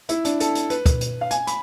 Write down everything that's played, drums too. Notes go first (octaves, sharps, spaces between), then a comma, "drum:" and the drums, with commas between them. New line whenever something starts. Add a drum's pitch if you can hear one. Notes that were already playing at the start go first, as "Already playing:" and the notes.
E4, drum: hi-hat
D4, drum: hi-hat
A4, drum: hi-hat
drum: hi-hat
B4, drum: hi-hat
drum: kick, hi-hat
drum: hi-hat
F5
G#5, drum: hi-hat
B5, drum: hi-hat